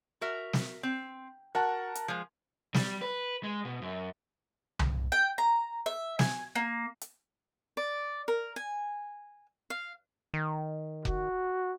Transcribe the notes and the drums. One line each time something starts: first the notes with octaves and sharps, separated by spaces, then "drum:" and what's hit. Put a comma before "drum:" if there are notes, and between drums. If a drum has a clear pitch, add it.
F#4 A#4 E5
drum: snare
C4
F#4 A#4 F#5 A5
drum: hi-hat
F3 G#3
G3, drum: snare
B4
G#3
B2
F#2
drum: tom C2
G5
A#5
E5
G#5, drum: snare
A#3
drum: hi-hat
D5
A#4
G#5
F5
D#3
F#4, drum: kick F1